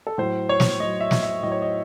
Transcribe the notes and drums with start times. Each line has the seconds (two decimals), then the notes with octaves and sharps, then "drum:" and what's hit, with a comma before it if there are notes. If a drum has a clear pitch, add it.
0.07 A4
0.18 A2 F#3 C5
0.49 C#5
0.60 drum: snare
0.80 A2 F#3 D#5
1.01 E5
1.11 drum: snare
1.22 E5
1.43 A2 F#3 D#5
1.52 C#5
1.62 D#5